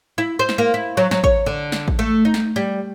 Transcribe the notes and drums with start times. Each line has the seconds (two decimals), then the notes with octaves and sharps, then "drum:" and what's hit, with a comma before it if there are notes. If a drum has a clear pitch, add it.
0.18 E4
0.39 C5
0.49 drum: snare
0.58 A#3
0.74 E4
0.97 F#3
1.11 F#3, drum: snare
1.24 C#5, drum: kick A1
1.46 D3
1.72 drum: snare
1.88 drum: kick A1
1.99 A3
2.25 D#4
2.34 drum: snare
2.56 G3